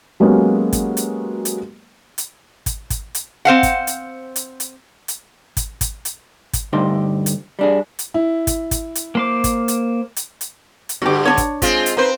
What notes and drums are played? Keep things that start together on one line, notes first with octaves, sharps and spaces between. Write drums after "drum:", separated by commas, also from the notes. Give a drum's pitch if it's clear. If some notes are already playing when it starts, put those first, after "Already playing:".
F#3 G#3 A#3 B3 C#4 G4
drum: kick, hi-hat
drum: hi-hat
drum: hi-hat
drum: hi-hat
drum: kick, hi-hat
drum: kick, hi-hat
drum: hi-hat
C4 C5 F5 F#5
drum: kick, hi-hat
drum: hi-hat
drum: hi-hat
drum: hi-hat
drum: hi-hat
drum: kick, hi-hat
drum: kick, hi-hat
drum: hi-hat
drum: kick, hi-hat
D2 G2 D3 D#4 G4 C5
drum: hi-hat
G3 D4 G#4
drum: hi-hat
E4
drum: kick, hi-hat
drum: kick, hi-hat
drum: hi-hat
A#3 C5 D6
drum: kick, hi-hat
drum: hi-hat
drum: hi-hat
drum: hi-hat
drum: hi-hat
G2 D3 F#4 G4
D4 D#4 C#5
drum: kick, hi-hat
G#3 C4 F4, drum: kick, hi-hat
drum: hi-hat
C4 D#4 B4 C5